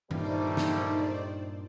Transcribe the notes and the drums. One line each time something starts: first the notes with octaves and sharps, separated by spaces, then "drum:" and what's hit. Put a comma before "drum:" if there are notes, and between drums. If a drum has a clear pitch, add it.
G2 A#2 G3 A3 A#3 D#4 C5 D5, drum: tom D#3
drum: snare